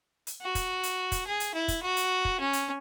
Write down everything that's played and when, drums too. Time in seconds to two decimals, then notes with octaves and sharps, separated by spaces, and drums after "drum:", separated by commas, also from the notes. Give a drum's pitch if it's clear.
0.27 drum: hi-hat
0.42 F#4
0.55 drum: kick, hi-hat
0.83 drum: hi-hat
1.12 drum: kick, hi-hat
1.26 G#4
1.40 drum: hi-hat
1.54 E4
1.68 drum: kick, hi-hat
1.82 F#4
1.97 drum: hi-hat
2.25 drum: kick
2.40 C#4
2.53 drum: hi-hat